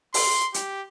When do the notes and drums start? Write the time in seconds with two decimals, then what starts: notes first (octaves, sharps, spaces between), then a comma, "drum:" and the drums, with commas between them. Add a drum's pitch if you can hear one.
0.14 C6, drum: open hi-hat
0.54 G4, drum: hi-hat